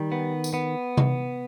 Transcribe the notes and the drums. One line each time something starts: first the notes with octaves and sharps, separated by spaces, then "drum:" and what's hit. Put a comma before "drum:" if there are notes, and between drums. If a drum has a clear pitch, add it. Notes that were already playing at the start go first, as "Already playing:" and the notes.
Already playing: D#3 G3
B3
drum: tambourine
B3
drum: tom C3